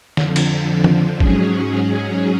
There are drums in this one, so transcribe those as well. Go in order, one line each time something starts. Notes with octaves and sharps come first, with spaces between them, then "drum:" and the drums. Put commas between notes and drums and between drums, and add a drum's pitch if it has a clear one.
F2 D3 F3, drum: snare
drum: cymbal
drum: tom D#3
G#2 F#3 C#4 G#4, drum: kick